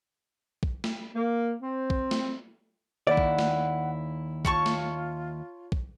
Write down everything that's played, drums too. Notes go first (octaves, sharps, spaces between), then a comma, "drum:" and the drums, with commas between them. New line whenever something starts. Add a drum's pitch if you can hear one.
drum: kick
drum: snare
A#3
C4
drum: kick
drum: snare
D#2 E4 D5 F#5
drum: kick
drum: snare
F4 C#5 A5 C#6, drum: kick
drum: snare
drum: kick